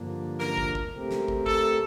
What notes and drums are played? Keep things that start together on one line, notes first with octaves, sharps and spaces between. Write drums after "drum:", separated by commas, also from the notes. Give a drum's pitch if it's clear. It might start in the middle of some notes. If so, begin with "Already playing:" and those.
Already playing: G2 D3 F3 A#3 D4
A#4, drum: snare
drum: kick
drum: kick
A3 C4 G4 A#4
drum: snare
drum: kick
A4, drum: kick